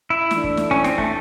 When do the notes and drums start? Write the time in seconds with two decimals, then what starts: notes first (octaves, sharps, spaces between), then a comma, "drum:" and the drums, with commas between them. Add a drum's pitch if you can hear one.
0.10 E4
0.31 E3 A3 D4, drum: snare
0.44 drum: kick
0.57 drum: snare
0.71 C#4
0.84 C4, drum: snare
0.98 A3, drum: kick